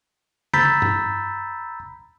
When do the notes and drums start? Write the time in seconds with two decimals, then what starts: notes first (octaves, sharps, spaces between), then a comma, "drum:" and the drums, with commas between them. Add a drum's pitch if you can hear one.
0.53 A#5 B5 E6 G6 A6 B6, drum: tom C#3
0.82 drum: tom G2